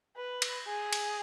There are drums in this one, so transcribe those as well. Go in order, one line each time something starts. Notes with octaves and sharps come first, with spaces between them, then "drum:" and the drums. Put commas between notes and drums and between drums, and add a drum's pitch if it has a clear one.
B4
drum: cymbal
G#4
drum: cymbal